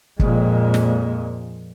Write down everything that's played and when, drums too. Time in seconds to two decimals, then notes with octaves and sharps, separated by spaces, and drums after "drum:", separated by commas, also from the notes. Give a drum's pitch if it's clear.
0.19 F2 A#2 G#3, drum: kick
0.74 drum: snare